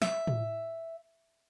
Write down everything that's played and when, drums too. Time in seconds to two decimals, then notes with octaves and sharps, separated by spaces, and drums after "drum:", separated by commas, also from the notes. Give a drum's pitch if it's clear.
0.02 E5, drum: snare
0.27 drum: tom A2